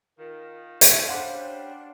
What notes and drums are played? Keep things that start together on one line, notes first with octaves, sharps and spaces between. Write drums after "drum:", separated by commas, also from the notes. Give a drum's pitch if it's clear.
D#3 F4 A#4
G3 C#4 A4, drum: hi-hat
D4 C5 F5 F#5 C6